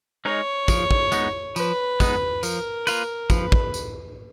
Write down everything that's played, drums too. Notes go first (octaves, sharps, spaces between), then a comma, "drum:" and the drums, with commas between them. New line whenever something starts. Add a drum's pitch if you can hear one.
G#3 D#4 A#4 C#5
F3, drum: kick, tambourine
drum: kick
G#3 B3 D#4, drum: tambourine
F3 B4, drum: tambourine
G#3 B3 D#4, drum: kick, tambourine
F3 A#4, drum: tambourine
A#3 F4 B4, drum: tambourine
F3 B4, drum: kick, tambourine
drum: kick
drum: tambourine